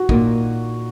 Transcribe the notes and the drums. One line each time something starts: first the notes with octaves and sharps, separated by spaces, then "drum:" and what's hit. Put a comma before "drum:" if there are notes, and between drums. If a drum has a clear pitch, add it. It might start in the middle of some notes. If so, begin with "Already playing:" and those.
Already playing: F#4
A#2 A#3 D#4, drum: kick